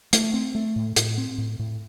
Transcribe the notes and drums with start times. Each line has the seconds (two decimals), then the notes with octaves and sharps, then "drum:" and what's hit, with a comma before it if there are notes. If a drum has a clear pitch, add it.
0.13 A3, drum: hi-hat
0.33 C4
0.55 A3
0.76 A2
0.96 A2, drum: hi-hat
1.18 C4
1.38 A2
1.59 A2